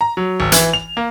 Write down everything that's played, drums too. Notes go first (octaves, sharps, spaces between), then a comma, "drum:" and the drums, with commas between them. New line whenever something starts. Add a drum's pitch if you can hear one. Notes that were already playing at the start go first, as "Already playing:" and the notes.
A#5
F#3
G#1
E3, drum: hi-hat
F7
A#3